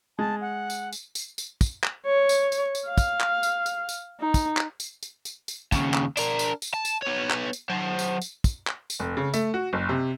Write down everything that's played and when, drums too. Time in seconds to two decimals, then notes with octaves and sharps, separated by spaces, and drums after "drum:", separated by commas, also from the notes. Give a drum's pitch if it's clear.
0.19 G#3 A5
0.41 F#5
0.70 drum: tambourine
0.92 drum: tambourine
1.15 drum: tambourine
1.38 drum: tambourine
1.61 drum: kick, tambourine
1.84 drum: clap
2.06 C#5
2.29 drum: tambourine
2.52 drum: tambourine
2.75 drum: tambourine
2.87 F5
2.98 drum: kick, tambourine
3.20 drum: clap
3.43 drum: tambourine
3.66 drum: tambourine
3.89 drum: tambourine
4.20 D#4
4.34 drum: kick, tambourine
4.57 drum: clap
4.80 drum: tambourine
5.03 drum: tambourine
5.25 drum: tambourine
5.48 drum: tambourine
5.72 D#2 C#3, drum: kick, tambourine
5.94 drum: clap
6.17 D4 A#4, drum: tambourine
6.39 drum: tambourine
6.62 drum: tambourine
6.74 A5
6.85 drum: tambourine
7.02 B3 C#5
7.30 drum: clap
7.53 drum: tambourine
7.70 F#3 C5
7.99 drum: tambourine
8.21 drum: tambourine
8.44 drum: kick, tambourine
8.67 drum: clap
8.90 drum: tambourine
9.00 F1
9.17 C#3
9.34 A3, drum: tambourine
9.54 F#4
9.73 F#1
9.89 C3